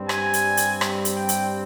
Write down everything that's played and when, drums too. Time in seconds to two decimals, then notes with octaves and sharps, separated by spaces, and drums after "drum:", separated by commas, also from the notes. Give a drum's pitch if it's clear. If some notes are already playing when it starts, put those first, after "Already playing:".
Already playing: G2 G3 C4
0.09 G#5, drum: rim click
0.33 drum: hi-hat
0.57 drum: hi-hat
0.81 drum: rim click
1.05 drum: hi-hat
1.17 G5
1.29 drum: hi-hat